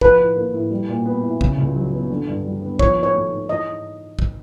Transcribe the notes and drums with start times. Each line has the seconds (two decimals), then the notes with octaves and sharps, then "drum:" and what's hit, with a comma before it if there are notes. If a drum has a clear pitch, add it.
0.01 F3 B4, drum: kick
0.19 A2
0.36 A#3
0.54 A2
0.71 G3
0.89 A#2
1.06 B3
1.23 E4
1.41 C#3, drum: kick
1.58 C#2
1.76 F#3
1.93 B3
2.10 D3
2.27 G2
2.45 G3
2.62 B3
2.79 F3 C#5, drum: kick
2.97 G#2
3.03 C#5
3.14 A3
3.32 G#2
3.49 E3 D#5
3.66 G#2
4.19 drum: kick